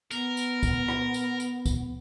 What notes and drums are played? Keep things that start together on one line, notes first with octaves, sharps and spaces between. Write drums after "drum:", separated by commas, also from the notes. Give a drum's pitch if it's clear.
B3 A#4, drum: tambourine
drum: tambourine
drum: kick, tambourine
drum: rim click
drum: tambourine
drum: tambourine
drum: kick, tambourine